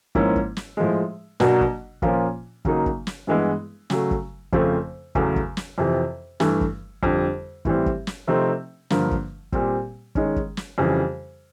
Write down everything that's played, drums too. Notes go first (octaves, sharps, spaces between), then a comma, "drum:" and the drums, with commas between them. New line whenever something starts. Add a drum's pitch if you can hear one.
G#2 F3 A#3 C#4 E4, drum: kick
drum: kick
drum: snare
A2 F3 G#3
B2 F#3 A#3 D4 F#4, drum: snare
drum: kick
A#2 F3 A#3 C#4 F4, drum: kick
C#3 F#3 A#3 D#4, drum: kick
drum: kick
drum: snare
G2 E3 G#3 B3 E4
C#3 F#3 A3, drum: snare
drum: kick
F2 C#3 F3 A3 C4, drum: kick
E2 C#3 F#3 A3, drum: kick
drum: kick
drum: snare
F2 C3 E3
G2 E3 A3, drum: snare
drum: kick
F2 D3 G3, drum: kick
A2 E3 G3 C4, drum: kick
drum: kick
drum: snare
C3 F3 A3 C4 D#4
G2 D3 F3 A#3, drum: snare
drum: kick
A#2 G3 C4, drum: kick
D#3 G#3 C#4, drum: kick
drum: kick
drum: snare
F2 C#3 E3 G3